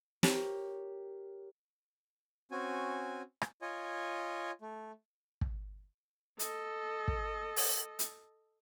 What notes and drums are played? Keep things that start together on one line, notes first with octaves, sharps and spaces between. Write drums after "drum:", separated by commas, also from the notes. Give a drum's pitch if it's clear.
G4 A#4 C#5, drum: snare
C4 C#4 F#4 G#5
drum: rim click
F4 C#5 D#5 G#5
A3
drum: kick
A4 D#5, drum: hi-hat
drum: kick
drum: open hi-hat
drum: hi-hat